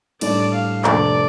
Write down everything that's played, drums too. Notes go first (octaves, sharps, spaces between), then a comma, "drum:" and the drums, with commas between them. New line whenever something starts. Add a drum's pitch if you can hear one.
A2 G3 D4 A4 D5, drum: cymbal
F5
F2 C3 A3 D4 D5, drum: clap